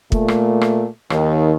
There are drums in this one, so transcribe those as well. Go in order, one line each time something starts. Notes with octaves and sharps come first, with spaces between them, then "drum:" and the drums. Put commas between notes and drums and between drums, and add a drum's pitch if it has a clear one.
A#2 A3, drum: kick
drum: rim click
drum: rim click
D#2 D#3, drum: rim click